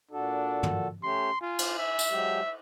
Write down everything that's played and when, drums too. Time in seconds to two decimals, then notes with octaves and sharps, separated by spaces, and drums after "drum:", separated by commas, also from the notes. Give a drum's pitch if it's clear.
0.12 A#2 D4 F#4 A4
0.63 drum: tom
1.03 A3 C#4 G4 C6
1.41 F4 G#5
1.58 drum: cymbal
1.78 E5
1.99 drum: tambourine
2.11 F#3 G#3 G4